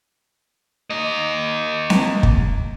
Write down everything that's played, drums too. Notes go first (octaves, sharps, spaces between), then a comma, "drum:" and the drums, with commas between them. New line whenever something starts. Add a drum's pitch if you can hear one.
A#3 D#5
drum: snare C4
drum: kick